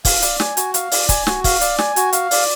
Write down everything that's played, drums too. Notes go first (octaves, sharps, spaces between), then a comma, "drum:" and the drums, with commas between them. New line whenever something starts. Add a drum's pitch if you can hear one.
F5, drum: kick, open hi-hat
D5, drum: hi-hat
G#5, drum: snare
F#4, drum: hi-hat
F5, drum: hi-hat
D5, drum: open hi-hat
G#5, drum: kick, hi-hat
F#4, drum: snare
F5, drum: kick, open hi-hat
D5, drum: hi-hat
G#5, drum: snare
F#4, drum: hi-hat
F5, drum: hi-hat
D5, drum: open hi-hat